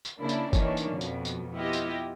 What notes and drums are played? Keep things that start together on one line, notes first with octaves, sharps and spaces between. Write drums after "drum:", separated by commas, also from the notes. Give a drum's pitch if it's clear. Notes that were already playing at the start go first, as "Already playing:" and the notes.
drum: tambourine
C#3 A#3 D4 E4
drum: tambourine
D#3 E3 A#3 C#4 D4, drum: kick, tambourine
drum: tambourine
F2 B2
drum: tambourine
drum: tambourine
B3 E4 F4 G4 D#5
drum: tambourine